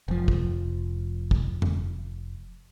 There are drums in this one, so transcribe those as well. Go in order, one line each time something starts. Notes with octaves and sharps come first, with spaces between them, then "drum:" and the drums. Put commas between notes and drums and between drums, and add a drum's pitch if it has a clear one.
F1 F3
drum: kick
drum: kick
drum: tom F2